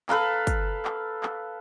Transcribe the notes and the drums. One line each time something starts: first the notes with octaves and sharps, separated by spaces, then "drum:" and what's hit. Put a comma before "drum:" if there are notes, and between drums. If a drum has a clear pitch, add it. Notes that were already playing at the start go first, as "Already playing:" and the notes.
A4 B4 F5 A#5, drum: clap
drum: kick, hi-hat
drum: clap
drum: clap